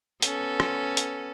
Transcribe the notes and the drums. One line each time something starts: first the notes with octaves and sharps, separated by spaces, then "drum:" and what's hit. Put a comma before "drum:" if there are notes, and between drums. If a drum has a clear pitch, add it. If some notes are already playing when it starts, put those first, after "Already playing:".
B3 C#4 A4, drum: hi-hat
drum: rim click
drum: hi-hat